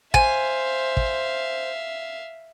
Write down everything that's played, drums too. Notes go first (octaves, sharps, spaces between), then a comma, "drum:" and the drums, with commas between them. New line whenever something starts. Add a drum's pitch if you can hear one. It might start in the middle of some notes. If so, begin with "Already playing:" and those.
C5 E5 F5 G#5, drum: kick
drum: kick